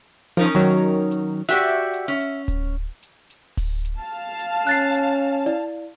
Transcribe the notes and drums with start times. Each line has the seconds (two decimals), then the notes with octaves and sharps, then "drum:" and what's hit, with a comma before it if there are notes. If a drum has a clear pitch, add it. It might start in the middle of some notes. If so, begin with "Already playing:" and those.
0.37 F3 C#4 D#4 A#4
0.55 D#3 F#3, drum: hi-hat
1.11 drum: hi-hat
1.49 F#4 G4 D5 E5
1.66 drum: hi-hat
1.93 drum: hi-hat
2.08 C#4
2.21 drum: hi-hat
2.48 drum: kick D1, hi-hat
3.03 drum: hi-hat
3.30 drum: hi-hat
3.57 drum: kick D1, open hi-hat
3.85 drum: hi-hat
3.99 F5 A5
4.39 drum: hi-hat
4.67 C#4 F#6 A6 C7, drum: hi-hat
4.94 drum: hi-hat
5.46 E4 D5, drum: hi-hat